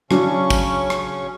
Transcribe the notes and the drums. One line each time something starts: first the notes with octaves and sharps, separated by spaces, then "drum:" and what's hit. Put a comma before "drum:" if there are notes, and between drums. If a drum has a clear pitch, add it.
C#3 F#3 C#4 D4 C#6, drum: rim click
drum: kick, tambourine
drum: rim click